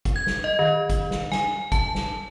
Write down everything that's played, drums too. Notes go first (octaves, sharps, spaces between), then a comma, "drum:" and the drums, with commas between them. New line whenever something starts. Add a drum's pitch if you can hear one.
drum: kick, hi-hat
G#6
drum: snare
D#5
D#3
drum: kick, hi-hat
drum: snare
G#5, drum: snare
A5, drum: kick, hi-hat
drum: snare